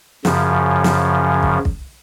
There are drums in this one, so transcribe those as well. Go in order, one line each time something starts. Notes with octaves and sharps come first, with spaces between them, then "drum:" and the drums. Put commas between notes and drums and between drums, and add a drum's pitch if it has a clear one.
F#2 C#3 F3, drum: snare
drum: snare
drum: kick
drum: kick